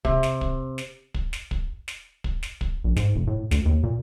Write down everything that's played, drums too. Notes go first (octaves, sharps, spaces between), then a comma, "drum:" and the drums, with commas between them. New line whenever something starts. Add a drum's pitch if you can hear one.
C3, drum: kick
drum: snare
drum: kick
drum: snare
drum: kick
drum: snare
drum: kick
drum: snare
drum: kick
drum: snare
drum: kick
A#1
G#2, drum: snare
F1
A2
D2, drum: snare
D#2
A#2